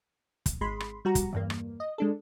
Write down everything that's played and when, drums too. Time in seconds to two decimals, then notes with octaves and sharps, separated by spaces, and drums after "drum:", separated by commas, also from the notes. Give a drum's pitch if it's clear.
0.46 drum: kick, hi-hat
0.61 G#1 G#3 B5 C6
0.80 drum: rim click
1.05 G3 F#4 A#5
1.15 drum: kick, hi-hat
1.33 E2 G2 A#3
1.50 drum: rim click
1.80 D#5
1.98 G#3 D4 A4